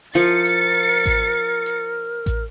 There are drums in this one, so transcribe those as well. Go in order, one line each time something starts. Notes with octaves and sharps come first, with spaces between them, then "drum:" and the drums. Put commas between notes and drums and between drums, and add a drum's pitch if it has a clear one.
F3 A#4 A6 C#7
drum: hi-hat
drum: kick A1, hi-hat
drum: hi-hat
drum: kick A1, hi-hat